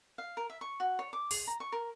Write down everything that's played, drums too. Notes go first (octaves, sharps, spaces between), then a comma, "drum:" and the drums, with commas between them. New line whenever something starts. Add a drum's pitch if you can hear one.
F5
A#4
E5
C#6
F#4
C#5
D6
G#4, drum: open hi-hat
A#5
C#6
A#4